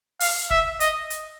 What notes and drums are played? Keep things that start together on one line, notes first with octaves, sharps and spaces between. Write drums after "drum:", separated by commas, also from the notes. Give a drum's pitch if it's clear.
F5, drum: open hi-hat
E5, drum: kick
D#5, drum: hi-hat
drum: hi-hat